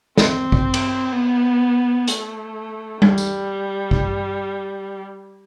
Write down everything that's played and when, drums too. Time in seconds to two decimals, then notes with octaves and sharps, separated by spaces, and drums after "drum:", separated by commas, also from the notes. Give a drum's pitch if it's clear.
0.18 C4, drum: snare
0.52 drum: kick A1
0.74 drum: cymbal
1.13 B3
2.08 A3, drum: hi-hat
3.02 G3, drum: tom G3
3.18 drum: tambourine
3.91 drum: kick A1